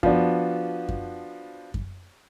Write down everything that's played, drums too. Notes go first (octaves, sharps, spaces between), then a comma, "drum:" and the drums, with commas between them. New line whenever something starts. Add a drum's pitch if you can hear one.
F3 B3 D4 F#4, drum: kick F#2
drum: kick F#2
drum: kick F#2